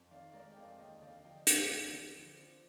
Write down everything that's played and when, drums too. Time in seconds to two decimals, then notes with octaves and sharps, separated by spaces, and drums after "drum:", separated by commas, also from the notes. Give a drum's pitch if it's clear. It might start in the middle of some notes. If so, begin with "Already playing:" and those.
Already playing: F2
0.10 D#3 D5 F5
0.33 G#3 A#4 D5
0.52 G5
0.56 F2 D5 F5
0.79 D#2 D#5 G5
1.02 D3 D5 F5
1.19 F5
1.24 F3 D#5 G5
1.47 C4 D5 F5, drum: hi-hat
1.69 D#2
1.92 D3
2.15 F3
2.38 C4